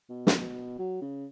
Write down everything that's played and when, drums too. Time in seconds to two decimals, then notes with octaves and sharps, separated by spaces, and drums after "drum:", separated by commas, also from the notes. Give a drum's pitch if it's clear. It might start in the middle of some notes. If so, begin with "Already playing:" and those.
0.09 B2
0.27 drum: snare
0.79 F#3
1.01 C#3